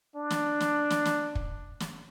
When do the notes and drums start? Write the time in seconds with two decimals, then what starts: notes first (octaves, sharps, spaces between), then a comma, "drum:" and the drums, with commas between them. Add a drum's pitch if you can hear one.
0.16 D4
0.30 drum: snare
0.60 drum: snare
0.90 drum: snare
1.05 drum: snare
1.35 drum: kick
1.80 drum: snare